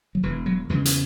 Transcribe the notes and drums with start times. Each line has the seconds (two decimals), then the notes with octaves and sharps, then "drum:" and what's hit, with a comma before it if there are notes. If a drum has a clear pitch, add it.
0.15 F#3
0.23 E1 E3
0.46 F#3
0.69 E2 C#3 E3 G#3
0.85 drum: hi-hat